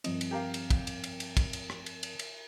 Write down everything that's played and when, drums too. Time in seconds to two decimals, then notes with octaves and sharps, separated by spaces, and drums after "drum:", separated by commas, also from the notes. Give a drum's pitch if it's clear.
0.04 G2 F3 C4 D#5, drum: cymbal
0.21 drum: cymbal
0.31 G4 A#4 F5
0.54 drum: cymbal
0.70 drum: kick, cymbal
0.87 drum: cymbal
1.04 drum: cymbal
1.20 drum: cymbal
1.37 drum: kick, cymbal
1.53 drum: cymbal
1.70 drum: rim click
1.86 drum: cymbal
2.03 drum: cymbal
2.19 drum: cymbal